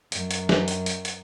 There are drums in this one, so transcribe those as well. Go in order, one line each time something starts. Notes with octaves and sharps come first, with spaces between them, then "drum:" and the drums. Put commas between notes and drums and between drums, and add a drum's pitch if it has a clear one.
F#2, drum: hi-hat
drum: hi-hat
drum: snare
drum: hi-hat
drum: hi-hat
drum: hi-hat